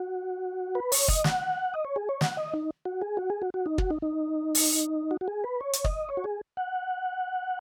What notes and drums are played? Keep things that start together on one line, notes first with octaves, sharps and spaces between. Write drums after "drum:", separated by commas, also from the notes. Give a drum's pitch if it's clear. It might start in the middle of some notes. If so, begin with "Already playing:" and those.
Already playing: F#4
B4
C#5, drum: open hi-hat
D#5, drum: kick
F#5, drum: snare
D#5
C#5
G#4
C#5
F#5, drum: snare
D#5
D#4
F#4
G#4
F#4
G#4
F#4
F#4
D#4
F#4, drum: kick
D#4
D#4
drum: open hi-hat
F#4
F#4
G#4
B4
C#5
drum: hi-hat
D#5, drum: kick
C#5
F#4
G#4
F#5